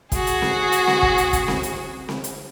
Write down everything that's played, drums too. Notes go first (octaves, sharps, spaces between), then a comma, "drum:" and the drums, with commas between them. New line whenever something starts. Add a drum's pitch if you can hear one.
F#4 G#4, drum: kick, hi-hat
drum: hi-hat
drum: snare C4
drum: hi-hat
drum: snare C4
drum: kick
drum: hi-hat
drum: kick, hi-hat
drum: snare C4
drum: hi-hat
drum: snare C4
drum: hi-hat